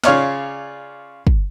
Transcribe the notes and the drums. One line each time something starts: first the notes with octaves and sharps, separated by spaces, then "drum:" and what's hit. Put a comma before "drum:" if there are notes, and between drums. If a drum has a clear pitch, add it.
C#3 F4 C#5 D5 F6, drum: snare
drum: kick